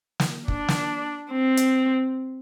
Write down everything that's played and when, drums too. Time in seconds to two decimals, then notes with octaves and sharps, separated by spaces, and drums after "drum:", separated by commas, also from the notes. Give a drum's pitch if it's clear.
0.20 drum: snare
0.48 D4, drum: kick
0.68 drum: snare
1.31 C4
1.57 drum: hi-hat